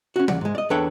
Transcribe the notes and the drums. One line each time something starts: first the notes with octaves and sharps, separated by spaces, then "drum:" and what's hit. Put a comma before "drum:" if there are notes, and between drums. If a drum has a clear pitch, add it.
C#4 F#4
D#2 C#3 D5 F#5, drum: tom E3
G#2 G#3
D5 D#5
E2 D4 A4 B4 C#5 G5